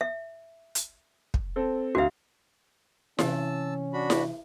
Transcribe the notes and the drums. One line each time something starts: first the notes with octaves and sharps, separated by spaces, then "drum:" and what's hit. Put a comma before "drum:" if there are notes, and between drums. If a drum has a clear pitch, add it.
E5
drum: hi-hat
drum: kick
C4 A4
D2 F#4 E5 F5
C3 E3 C#4 E4 F5 A5 E6, drum: snare E4
D4 F#4 B5
drum: snare E4